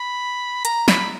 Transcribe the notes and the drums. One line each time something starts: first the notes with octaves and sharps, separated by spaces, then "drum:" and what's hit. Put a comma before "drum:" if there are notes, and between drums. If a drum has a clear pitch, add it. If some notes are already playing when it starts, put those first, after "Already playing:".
Already playing: B5
A#5, drum: hi-hat
B5, drum: snare